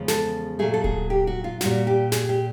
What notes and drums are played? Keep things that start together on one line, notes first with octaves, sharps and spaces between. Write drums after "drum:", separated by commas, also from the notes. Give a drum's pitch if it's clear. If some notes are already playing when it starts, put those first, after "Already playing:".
Already playing: E2 C#3 F3 G#3
A4, drum: snare
A#2 F#3 A3 G#4
A4
G#4, drum: kick D1
G4
F#4
F4
A#2 G3 F#4, drum: snare
G4
G#4, drum: snare
G4